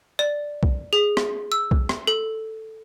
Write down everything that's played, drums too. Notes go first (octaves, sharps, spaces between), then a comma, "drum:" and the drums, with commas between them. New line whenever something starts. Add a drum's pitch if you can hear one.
D5
drum: kick B1
G#4
drum: rim click
E6
drum: kick B1
drum: rim click
A4